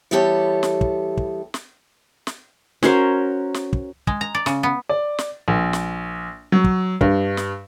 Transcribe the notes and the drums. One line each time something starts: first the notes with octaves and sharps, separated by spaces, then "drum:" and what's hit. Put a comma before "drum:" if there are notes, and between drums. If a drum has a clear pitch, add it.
E3 G3 B3 G4 A4 C#5
drum: snare
drum: kick
drum: kick
drum: snare
drum: snare
C#4 F#4 A#4 C5, drum: snare
drum: snare
drum: kick
G#3, drum: kick
A#5
D5
C#3, drum: snare
B3
D5
drum: snare
A#1
drum: snare
F#3
drum: kick
G2, drum: kick
drum: snare